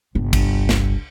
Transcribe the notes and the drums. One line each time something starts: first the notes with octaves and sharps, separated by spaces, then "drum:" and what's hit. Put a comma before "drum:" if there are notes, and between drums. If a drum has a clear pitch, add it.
G1 C2
drum: kick, cymbal
drum: snare